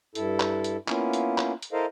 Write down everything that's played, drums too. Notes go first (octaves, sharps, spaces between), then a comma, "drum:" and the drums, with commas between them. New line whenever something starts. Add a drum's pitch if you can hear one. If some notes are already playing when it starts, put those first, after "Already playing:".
G2 E4 A4, drum: hi-hat
drum: clap
drum: hi-hat
A#3 B3 C#4 E4 F4, drum: clap
drum: hi-hat
drum: clap
drum: hi-hat
E4 A4 A#4 C5 D#5 F5